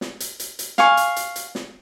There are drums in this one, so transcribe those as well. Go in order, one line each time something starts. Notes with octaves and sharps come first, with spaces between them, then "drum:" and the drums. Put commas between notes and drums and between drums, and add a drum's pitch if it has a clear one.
drum: snare
drum: hi-hat
drum: hi-hat
drum: hi-hat
F5 G#5 C#6, drum: snare
drum: hi-hat
drum: hi-hat
drum: hi-hat
drum: snare